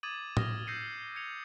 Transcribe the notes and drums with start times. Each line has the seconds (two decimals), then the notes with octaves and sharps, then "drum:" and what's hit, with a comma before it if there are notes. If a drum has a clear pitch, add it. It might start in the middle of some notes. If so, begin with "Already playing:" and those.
0.03 D6 D#6 G#6 A6 D#7 F#7
0.37 D#6 F6 A#6 D#7 G7, drum: tom A2
0.67 E6 G6 A#6 C7 C#7 D#7
1.15 G#6 C#7 F7